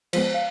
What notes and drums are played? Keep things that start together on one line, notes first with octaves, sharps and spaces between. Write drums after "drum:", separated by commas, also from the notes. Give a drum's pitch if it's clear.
F3 G#3 B3 C5, drum: cymbal
F5